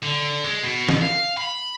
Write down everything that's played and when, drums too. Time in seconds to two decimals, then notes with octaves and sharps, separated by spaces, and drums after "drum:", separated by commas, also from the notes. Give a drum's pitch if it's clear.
0.03 D3
0.44 G#3
0.63 B2
0.89 drum: snare
1.02 F5
1.38 B5